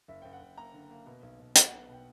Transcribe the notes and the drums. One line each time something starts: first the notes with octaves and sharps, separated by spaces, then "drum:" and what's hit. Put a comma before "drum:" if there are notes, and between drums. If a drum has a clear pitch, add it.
F#1 E5
F#1 G5
F#5
F#1
A#3 A#5
D3
A#3
B2
B1
B1
B1 F#5, drum: hi-hat
F#5
B3
B2 G5